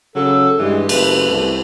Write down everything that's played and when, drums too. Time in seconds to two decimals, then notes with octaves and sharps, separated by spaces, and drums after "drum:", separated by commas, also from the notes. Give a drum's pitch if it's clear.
0.15 C#3 F#3 A4
0.59 G2 E3 G#3 G4
0.89 F#1 A3 B4, drum: cymbal
1.30 C2